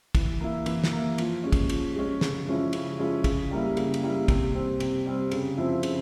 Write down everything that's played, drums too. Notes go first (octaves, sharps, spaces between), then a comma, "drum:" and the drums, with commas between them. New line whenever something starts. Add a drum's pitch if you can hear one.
E3, drum: kick, cymbal
A#3 E4
E3, drum: cymbal
drum: snare
A#3 E4
F3, drum: cymbal
G#3 C#4
drum: kick, cymbal
F3, drum: cymbal
G#3 C#4
C#3, drum: snare
F3 G#3 C#4 E4
C#3, drum: cymbal
F3 G#3 C#4 E4
C#3, drum: kick, cymbal
G3 A#3 E4
C#3, drum: cymbal
drum: cymbal
G3 A#3 E4
C3, drum: kick, cymbal
G3 C4
C3, drum: cymbal
G3 C4
C#3, drum: cymbal
F3 C4 E4
C#3, drum: cymbal